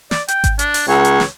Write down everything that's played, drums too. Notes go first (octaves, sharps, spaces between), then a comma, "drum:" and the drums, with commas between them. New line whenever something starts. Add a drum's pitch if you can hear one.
D5, drum: snare
G5, drum: hi-hat
drum: kick G#1, hi-hat
D4, drum: hi-hat
drum: open hi-hat
C#2 C#5
drum: hi-hat
drum: snare